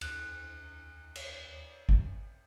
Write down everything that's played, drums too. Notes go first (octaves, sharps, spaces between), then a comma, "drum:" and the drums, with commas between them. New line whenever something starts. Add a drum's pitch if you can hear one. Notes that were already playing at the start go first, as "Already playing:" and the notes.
D#2 F#6, drum: cymbal
drum: cymbal
drum: kick G#1